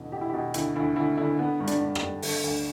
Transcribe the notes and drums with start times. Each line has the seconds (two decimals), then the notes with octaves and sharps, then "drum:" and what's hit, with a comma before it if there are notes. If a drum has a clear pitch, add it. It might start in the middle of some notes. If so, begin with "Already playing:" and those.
Already playing: E2 B2 D3
0.12 B2 G4
0.21 E4
0.30 B2 G4
0.54 D2 E4, drum: hi-hat
0.76 D2 E4
0.96 D2 E4
1.17 D3 E4
1.39 D3 B3
1.60 G2
1.67 D4, drum: hi-hat
1.81 G2
1.95 G4, drum: rim click
2.01 G2
2.22 D3 A4, drum: open hi-hat
2.44 D2